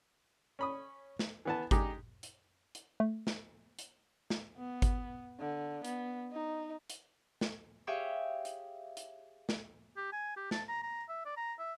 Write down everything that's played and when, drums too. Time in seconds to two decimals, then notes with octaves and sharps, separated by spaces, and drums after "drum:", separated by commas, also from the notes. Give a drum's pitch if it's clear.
0.59 C#4 B5 D#6
1.19 drum: snare
1.45 E3 B3 A5
1.71 G#3 D#4 G4, drum: kick G#1, hi-hat
2.23 drum: hi-hat
2.75 drum: hi-hat
3.00 A3
3.27 drum: snare
3.79 drum: hi-hat
4.30 drum: snare
4.57 B3
4.82 drum: kick G#1, hi-hat
5.40 D3
5.85 B3, drum: hi-hat
6.32 D#4
6.90 drum: hi-hat
7.41 drum: snare
7.87 G4 G#4 C#5 E5 F5 G5
8.45 drum: hi-hat
8.97 drum: hi-hat
9.49 drum: snare
9.97 G4
10.13 G#5
10.37 G4
10.51 A5, drum: snare
10.68 A#5
10.83 A#5
11.09 E5
11.26 D5
11.37 A#5
11.59 E5